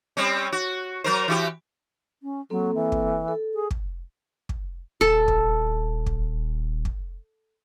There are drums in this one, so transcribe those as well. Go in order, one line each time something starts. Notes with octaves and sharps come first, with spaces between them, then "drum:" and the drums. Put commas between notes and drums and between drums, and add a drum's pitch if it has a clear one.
G3 C4 C#4
F#4
F#3 A#4 C5
E3 F#4 G4
C#4
F#3 A#3 C4 A4
E3
drum: kick
A4
G#4
drum: kick
drum: kick
D#1 A4
drum: kick
drum: kick
drum: kick